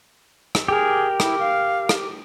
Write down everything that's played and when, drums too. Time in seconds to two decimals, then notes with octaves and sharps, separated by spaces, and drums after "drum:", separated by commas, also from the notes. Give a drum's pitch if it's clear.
0.55 drum: rim click
0.68 G4 G#4 A#4
1.20 E4, drum: rim click
1.39 F5
1.89 drum: rim click